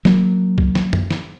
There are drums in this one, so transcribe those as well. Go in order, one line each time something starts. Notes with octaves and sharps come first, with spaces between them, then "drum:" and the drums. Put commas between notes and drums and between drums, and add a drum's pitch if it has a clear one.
F#3 A#3, drum: snare
drum: kick
drum: snare
drum: tom F#2
drum: snare